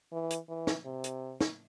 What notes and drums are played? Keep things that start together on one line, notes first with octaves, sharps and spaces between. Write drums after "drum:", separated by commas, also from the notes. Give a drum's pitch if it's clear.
E3
drum: hi-hat
E3
drum: snare
C3
drum: hi-hat
drum: snare